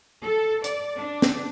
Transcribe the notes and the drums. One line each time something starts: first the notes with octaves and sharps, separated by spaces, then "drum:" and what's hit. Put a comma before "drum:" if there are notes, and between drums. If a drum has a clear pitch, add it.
A4
D5, drum: hi-hat
D4
drum: snare